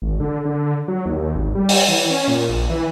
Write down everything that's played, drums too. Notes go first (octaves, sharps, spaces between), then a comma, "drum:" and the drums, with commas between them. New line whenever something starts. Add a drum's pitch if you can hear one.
G#1
D3
D3
F#3
D#2
G#1
G3
drum: open hi-hat
E3
C#4
A#2
A#1
E3